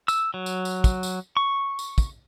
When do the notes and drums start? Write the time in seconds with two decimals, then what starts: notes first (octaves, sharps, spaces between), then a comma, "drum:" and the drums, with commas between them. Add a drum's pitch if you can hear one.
0.08 E6, drum: tambourine
0.34 F#3
0.46 drum: tambourine
0.65 drum: tambourine
0.84 drum: kick, tambourine
1.03 drum: tambourine
1.37 C#6
1.79 drum: tambourine
1.98 drum: kick, tambourine